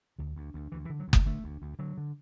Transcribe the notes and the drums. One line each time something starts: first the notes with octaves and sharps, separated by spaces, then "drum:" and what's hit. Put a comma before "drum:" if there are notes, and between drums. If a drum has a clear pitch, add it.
D2 D3
D2
D2
D2 E3
E3
D3
F#3
D2
A3, drum: kick F#1
D3 A3
D2
D2
D3 F#3
D3